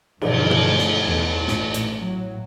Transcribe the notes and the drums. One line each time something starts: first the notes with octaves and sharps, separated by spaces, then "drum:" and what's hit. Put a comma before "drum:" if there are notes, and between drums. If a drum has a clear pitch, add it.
G2 B2 D3 E3 F3, drum: cymbal
drum: tom B2
A3
drum: snare
E2 B2
A1 A2, drum: snare
drum: hi-hat
A2 F#3